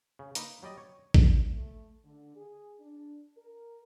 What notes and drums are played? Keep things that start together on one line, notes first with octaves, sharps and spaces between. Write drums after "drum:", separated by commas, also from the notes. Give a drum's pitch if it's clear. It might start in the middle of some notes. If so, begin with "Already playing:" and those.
C#3
A#3 D#4 B4, drum: hi-hat
F#3 G3 D5 D#5
C#5
drum: kick
A3
D3
G#4
D4
A#4